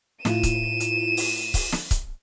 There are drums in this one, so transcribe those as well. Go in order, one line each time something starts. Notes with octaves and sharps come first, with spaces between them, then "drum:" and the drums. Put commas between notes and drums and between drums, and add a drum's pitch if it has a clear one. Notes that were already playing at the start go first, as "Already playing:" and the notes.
A2 E4 F4 D#7 E7, drum: snare
drum: kick C#1, hi-hat
drum: hi-hat
drum: open hi-hat
drum: kick C#1, open hi-hat
drum: snare
drum: kick C#1, hi-hat